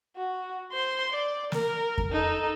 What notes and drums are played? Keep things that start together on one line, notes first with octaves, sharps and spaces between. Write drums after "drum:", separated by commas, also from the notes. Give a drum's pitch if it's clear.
F#4
C5 C6
D5
A#4, drum: snare
drum: kick F2
D#4 A4